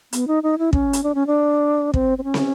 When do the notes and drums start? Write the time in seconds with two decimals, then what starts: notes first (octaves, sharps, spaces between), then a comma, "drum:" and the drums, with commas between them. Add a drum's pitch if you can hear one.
0.13 B3, drum: hi-hat
0.28 D#4
0.43 D#4
0.58 E4
0.73 C#4, drum: kick
0.93 drum: hi-hat
1.03 D4
1.15 C#4
1.27 D4
1.94 C4, drum: kick
2.18 C4
2.24 C#4
2.34 drum: snare